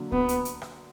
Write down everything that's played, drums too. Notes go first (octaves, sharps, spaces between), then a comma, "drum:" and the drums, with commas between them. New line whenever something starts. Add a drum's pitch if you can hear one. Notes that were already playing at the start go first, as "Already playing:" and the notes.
Already playing: D3 F#3 A#3
B3, drum: kick C#2
drum: hi-hat
drum: hi-hat
drum: rim click